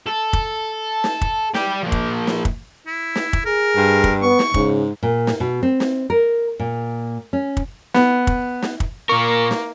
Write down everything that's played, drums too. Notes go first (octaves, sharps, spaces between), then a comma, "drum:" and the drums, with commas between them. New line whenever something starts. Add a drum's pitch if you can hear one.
A4
drum: kick
drum: snare
drum: kick
D5 G5, drum: snare
F3 A#3
drum: kick
drum: snare
drum: kick
E4
drum: snare
drum: kick
G#4 A#4
G2
drum: kick
B3 C#6
drum: snare
G#2 C#3, drum: kick
A#2
drum: snare
B2
C4
drum: snare
A#4
A#2
C#4
drum: kick
B3, drum: snare
drum: kick
drum: snare
drum: kick
A#2 A#3 A#4 C#6
drum: snare